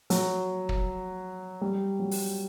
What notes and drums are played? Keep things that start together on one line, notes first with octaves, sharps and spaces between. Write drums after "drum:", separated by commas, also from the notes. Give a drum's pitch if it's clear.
F#3, drum: hi-hat
drum: kick
G3
F#3
drum: open hi-hat